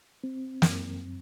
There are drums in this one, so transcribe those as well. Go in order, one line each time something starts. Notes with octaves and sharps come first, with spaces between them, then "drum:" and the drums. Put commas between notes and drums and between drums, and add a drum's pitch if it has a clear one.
C4
F#2, drum: snare